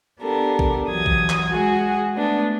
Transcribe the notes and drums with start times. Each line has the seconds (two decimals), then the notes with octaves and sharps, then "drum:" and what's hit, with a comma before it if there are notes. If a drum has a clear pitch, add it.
0.20 B3 D4 G4 A4 A#4
0.59 drum: kick A#1
0.87 E3 F#3 D#6 G#6
1.06 drum: kick A#1
1.29 drum: clap
1.53 G#3 F#4 G#4 F#5
2.16 A3 B3 D4